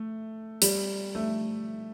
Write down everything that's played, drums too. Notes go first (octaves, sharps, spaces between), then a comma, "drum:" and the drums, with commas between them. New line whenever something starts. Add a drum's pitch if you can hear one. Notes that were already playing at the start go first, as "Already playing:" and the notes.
Already playing: A3
G3, drum: hi-hat
A3